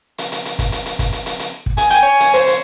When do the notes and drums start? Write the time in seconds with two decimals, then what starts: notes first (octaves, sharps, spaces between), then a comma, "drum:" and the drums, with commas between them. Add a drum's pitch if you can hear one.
0.18 drum: hi-hat
0.32 drum: hi-hat
0.45 drum: hi-hat
0.59 drum: kick, hi-hat
0.72 drum: hi-hat
0.86 drum: hi-hat
0.99 drum: kick, hi-hat
1.12 drum: hi-hat
1.26 drum: hi-hat
1.39 drum: hi-hat
1.66 drum: kick
1.77 G#5, drum: hi-hat
1.90 G5 G#5, drum: hi-hat
2.03 C#5
2.20 drum: hi-hat
2.33 C5, drum: hi-hat
2.47 drum: hi-hat